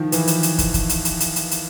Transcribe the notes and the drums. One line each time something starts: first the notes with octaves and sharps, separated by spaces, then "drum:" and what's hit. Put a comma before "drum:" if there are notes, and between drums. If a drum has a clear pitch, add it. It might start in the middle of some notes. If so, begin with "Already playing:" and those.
Already playing: D#3 F3
E3, drum: hi-hat
drum: hi-hat
drum: hi-hat
drum: kick, hi-hat
drum: kick, hi-hat
drum: hi-hat
drum: hi-hat
drum: hi-hat
drum: hi-hat
drum: hi-hat